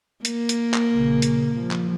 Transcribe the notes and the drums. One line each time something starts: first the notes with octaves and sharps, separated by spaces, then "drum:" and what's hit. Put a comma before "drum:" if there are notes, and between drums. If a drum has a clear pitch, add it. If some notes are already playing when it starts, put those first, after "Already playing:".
A#3, drum: hi-hat
drum: hi-hat
drum: clap
A#1 C#3
drum: hi-hat
F3 G3
drum: clap